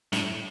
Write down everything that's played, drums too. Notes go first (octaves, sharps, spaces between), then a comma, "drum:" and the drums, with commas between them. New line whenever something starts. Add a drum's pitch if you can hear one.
A2, drum: snare